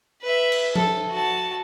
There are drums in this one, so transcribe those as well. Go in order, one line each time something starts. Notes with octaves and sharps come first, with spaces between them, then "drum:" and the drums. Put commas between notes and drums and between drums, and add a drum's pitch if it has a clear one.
B4 E5
drum: cymbal
A4, drum: tom F3
F#4 A5